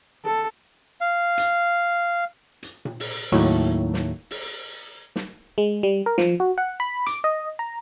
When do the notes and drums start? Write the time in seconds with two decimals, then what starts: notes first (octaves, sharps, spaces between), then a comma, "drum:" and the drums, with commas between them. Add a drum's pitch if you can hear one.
0.25 A4
1.01 F5
1.38 drum: hi-hat
2.63 drum: hi-hat
2.85 drum: tom A#2
3.00 drum: open hi-hat
3.32 D#2 A2 F#3 A3
3.94 drum: snare
4.31 drum: open hi-hat
5.16 drum: snare
5.58 G#3
5.83 G3
6.06 A#4
6.18 F3, drum: snare
6.40 F#4
6.58 F#5
6.80 B5
7.07 D6, drum: hi-hat
7.24 D#5
7.59 A#5